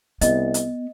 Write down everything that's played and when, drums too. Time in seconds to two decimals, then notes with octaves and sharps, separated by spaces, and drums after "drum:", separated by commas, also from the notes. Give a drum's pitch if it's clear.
0.21 C2 B3 D#5, drum: hi-hat
0.54 drum: hi-hat